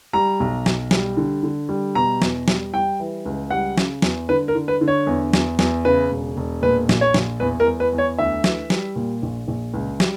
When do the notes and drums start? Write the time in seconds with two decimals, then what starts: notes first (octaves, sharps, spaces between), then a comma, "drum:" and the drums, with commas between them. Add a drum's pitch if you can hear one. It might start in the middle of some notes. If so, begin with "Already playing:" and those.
0.13 G3 A#5
0.40 B1
0.66 B1, drum: snare
0.91 G3, drum: snare
1.17 D3
1.43 D3
1.69 G3
1.95 B2 A#5
2.22 E2, drum: snare
2.48 G3, drum: snare
2.74 G3 G5
3.00 E3
3.26 C#2
3.50 G3 F#5
3.78 C#3, drum: snare
4.02 E2, drum: snare
4.29 D3 B4
4.48 A#4
4.55 D3
4.68 B4
4.81 D3
4.88 C#5
5.07 E2
5.33 E2, drum: snare
5.59 E2, drum: snare
5.85 C#3 B4
6.11 E1
6.37 E1
6.62 A#2 B4
6.89 A#1, drum: snare
7.01 C#5
7.14 A#1, drum: snare
7.40 E2 B4
7.60 A#4
7.66 E2
7.80 B4
7.93 E2
7.98 C#5
8.18 D2 E5
8.44 E3, drum: snare
8.70 G3, drum: snare
8.96 A#2
9.23 A#1
9.48 A#1
9.74 C#2
10.00 G3, drum: snare